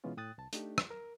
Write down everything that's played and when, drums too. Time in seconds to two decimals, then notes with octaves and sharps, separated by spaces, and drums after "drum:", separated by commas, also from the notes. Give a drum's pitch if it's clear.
0.04 B2 E3 G#3 B3 C#4 F4
0.17 A2 G5 D#6 F#6 A6
0.38 C2 A5
0.53 A3 D4 D#4 G4, drum: hi-hat
0.78 drum: rim click
0.91 A#4